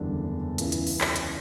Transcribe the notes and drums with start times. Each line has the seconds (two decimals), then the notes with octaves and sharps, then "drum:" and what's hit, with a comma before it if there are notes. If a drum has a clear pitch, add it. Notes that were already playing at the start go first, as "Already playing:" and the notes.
Already playing: F#1 E2 D3 G3 D4
0.58 C#2 C#3 E3, drum: hi-hat
0.72 drum: hi-hat
0.87 drum: open hi-hat
1.01 drum: clap
1.16 drum: hi-hat